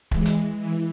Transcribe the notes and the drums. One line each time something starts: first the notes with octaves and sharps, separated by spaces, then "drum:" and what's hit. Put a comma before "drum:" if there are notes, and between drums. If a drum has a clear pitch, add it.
E3 G#3, drum: kick
drum: hi-hat
E3